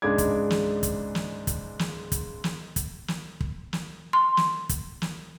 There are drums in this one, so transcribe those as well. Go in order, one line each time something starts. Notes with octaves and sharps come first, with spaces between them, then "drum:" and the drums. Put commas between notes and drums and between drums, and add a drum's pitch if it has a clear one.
C#2 G#2 G#3 D4 D6 G#6
drum: kick, hi-hat
drum: snare
drum: kick, hi-hat
drum: snare
drum: kick, hi-hat
drum: snare
drum: kick, hi-hat
drum: snare
drum: kick, hi-hat
drum: snare
drum: kick
drum: snare
C6
drum: snare
drum: kick, hi-hat
drum: snare